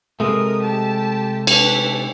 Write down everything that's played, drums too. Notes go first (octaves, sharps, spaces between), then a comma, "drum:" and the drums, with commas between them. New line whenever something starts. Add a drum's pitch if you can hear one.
C3 G#3 A3 A#4 D#6
G4 A5
B4 A5, drum: cymbal